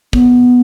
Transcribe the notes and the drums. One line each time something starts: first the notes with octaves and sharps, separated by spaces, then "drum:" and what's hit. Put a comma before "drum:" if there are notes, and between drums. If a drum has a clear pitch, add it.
B3, drum: kick